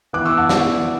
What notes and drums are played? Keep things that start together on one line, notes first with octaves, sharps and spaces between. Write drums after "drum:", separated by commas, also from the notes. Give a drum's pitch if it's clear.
E3 B3 D6 F#6
C#6 E6
F#5 A5
E3 B3 D5 F#5, drum: snare